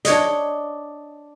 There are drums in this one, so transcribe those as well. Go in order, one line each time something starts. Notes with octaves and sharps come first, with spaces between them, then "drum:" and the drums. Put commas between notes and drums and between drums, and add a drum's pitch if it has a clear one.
D4 C#5 D#5, drum: hi-hat